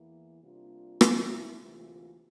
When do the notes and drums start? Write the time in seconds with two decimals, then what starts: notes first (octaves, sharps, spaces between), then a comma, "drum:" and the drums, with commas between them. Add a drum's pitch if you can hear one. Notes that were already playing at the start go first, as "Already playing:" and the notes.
Already playing: E2 E3 A#3 E4
0.43 C3 G3 A#3 D4 F4
1.01 D2 D3 A3 E4, drum: rim click
1.59 D2 C3 E3 A#3 F4